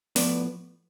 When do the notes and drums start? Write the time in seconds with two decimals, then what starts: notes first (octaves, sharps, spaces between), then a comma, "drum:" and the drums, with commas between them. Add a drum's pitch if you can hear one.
0.16 A2 F3 B3 B4 D5, drum: open hi-hat